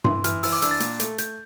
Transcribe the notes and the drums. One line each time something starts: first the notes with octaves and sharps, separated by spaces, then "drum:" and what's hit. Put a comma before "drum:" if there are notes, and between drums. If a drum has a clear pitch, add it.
E3 C6, drum: tom G2
E3 F6, drum: hi-hat
E3 E6, drum: open hi-hat
D6
D4 E6, drum: hi-hat
A6
A#2, drum: hi-hat
A3, drum: hi-hat
A3 G6, drum: hi-hat